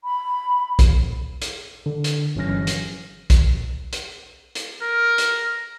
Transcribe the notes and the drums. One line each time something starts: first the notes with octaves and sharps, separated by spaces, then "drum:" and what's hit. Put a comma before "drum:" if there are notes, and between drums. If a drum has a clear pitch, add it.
B5
drum: kick B1, hi-hat
drum: hi-hat
D3
drum: hi-hat
G1 E3 F#3 C#4 F6 A#6
drum: hi-hat
drum: kick B1, hi-hat
drum: hi-hat
drum: hi-hat
A#4
drum: hi-hat